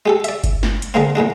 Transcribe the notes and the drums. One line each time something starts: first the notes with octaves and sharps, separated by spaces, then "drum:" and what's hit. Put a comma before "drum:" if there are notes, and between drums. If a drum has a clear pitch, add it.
G#3 G4 A4
D5 E5, drum: hi-hat
drum: kick G1, hi-hat
drum: snare
drum: hi-hat
D3 G#3 A#3 C4
E2 A#2 G#3 D4